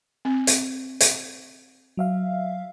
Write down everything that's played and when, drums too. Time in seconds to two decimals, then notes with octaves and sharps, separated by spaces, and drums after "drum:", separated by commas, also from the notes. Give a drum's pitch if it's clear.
0.25 C4
0.47 drum: hi-hat
1.00 drum: hi-hat
1.97 F#3 E5 F5